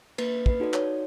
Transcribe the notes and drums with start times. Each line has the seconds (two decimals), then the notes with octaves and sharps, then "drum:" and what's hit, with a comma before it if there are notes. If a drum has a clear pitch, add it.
0.18 A#3 B4, drum: cymbal
0.46 B4, drum: kick
0.60 D#4 F#4 A4 D5
0.74 C#5, drum: clap